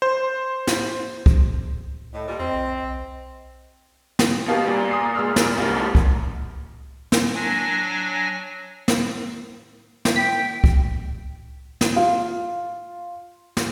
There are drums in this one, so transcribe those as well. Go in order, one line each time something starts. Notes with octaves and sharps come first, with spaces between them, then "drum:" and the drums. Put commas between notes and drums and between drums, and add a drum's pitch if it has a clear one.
C5
drum: snare
drum: kick
A2 D#5
A#2 G3
E2 C4
B1
B1
drum: snare
B2 G4 A#4 F5
A#2 G3
D#6 C7
G#3 E6 F6
drum: snare
C2 G#2 A#3
drum: kick
drum: snare
F#3 D4 G#5 A#6
drum: snare
drum: snare
G5 B6
drum: kick
drum: snare
F4 F5
drum: snare